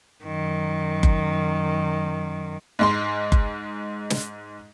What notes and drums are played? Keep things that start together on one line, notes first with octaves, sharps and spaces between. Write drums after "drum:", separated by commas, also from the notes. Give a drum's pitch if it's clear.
F#2 D#3
drum: kick F#1
G#2 G#3 C6
drum: kick F#1
drum: snare